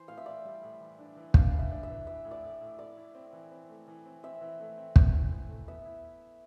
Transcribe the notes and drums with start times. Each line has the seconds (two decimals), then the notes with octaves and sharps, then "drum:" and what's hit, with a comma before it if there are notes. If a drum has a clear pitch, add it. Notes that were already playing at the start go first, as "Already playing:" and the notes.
Already playing: E3 C5
0.08 A2 F5
0.17 E5
0.26 A2 D5
0.45 G3
0.63 A2
0.80 E3
0.98 D4
1.16 E3
1.34 D4 F5, drum: kick
1.53 E3
1.59 E5
1.71 D4
1.83 E5
1.89 E3
2.07 E3 E5
2.25 A2
2.31 D5
2.43 A2
2.61 A2
2.79 A3 D5
2.97 E4
3.14 C4
3.33 E3
3.51 C4
3.69 A3
3.88 E3
4.06 C4
4.23 C4 E5
4.41 E3
4.60 A3
4.77 C4
4.96 A3, drum: kick
5.13 E3
5.32 C4
5.49 A3
5.68 B3 E5
5.85 E4